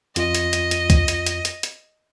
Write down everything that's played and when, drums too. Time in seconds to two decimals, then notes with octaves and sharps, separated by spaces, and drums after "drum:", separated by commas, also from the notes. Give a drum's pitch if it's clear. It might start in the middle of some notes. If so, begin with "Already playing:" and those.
0.16 F2 F4 D#5, drum: hi-hat
0.35 drum: hi-hat
0.53 drum: hi-hat
0.71 drum: hi-hat
0.90 drum: kick C2, hi-hat
1.08 drum: hi-hat
1.27 drum: hi-hat
1.45 drum: hi-hat
1.63 drum: hi-hat